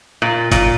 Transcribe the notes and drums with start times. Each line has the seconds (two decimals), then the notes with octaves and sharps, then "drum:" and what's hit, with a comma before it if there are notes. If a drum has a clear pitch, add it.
0.22 A#2
0.52 A#2, drum: kick F#1, hi-hat